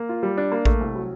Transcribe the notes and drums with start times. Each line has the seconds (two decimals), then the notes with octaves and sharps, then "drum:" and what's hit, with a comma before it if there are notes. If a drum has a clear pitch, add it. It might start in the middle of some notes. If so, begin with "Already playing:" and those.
Already playing: A#3
0.09 F4
0.23 G3
0.38 D4
0.52 A#3
0.65 A3, drum: kick A1
0.81 C2
0.95 F#3